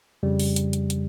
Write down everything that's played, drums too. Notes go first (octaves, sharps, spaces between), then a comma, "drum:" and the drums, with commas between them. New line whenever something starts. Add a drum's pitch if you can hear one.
F2 C#3 G3
drum: open hi-hat
drum: hi-hat
drum: hi-hat
drum: hi-hat